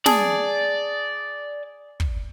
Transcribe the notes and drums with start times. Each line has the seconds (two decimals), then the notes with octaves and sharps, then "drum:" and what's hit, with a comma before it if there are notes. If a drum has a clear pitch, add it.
0.06 G#4 D5 A5, drum: snare
2.00 drum: kick